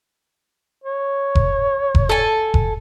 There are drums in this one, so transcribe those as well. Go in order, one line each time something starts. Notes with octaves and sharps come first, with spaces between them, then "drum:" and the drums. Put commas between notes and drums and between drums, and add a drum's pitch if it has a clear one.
C#5
drum: kick F1
drum: kick F1
A4 G#5
drum: kick F1